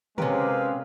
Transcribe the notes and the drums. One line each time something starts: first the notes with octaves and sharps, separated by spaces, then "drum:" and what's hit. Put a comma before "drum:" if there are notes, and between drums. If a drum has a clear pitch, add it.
C3 G#3 C4 C#4 G4 A#4 B4 F5, drum: tom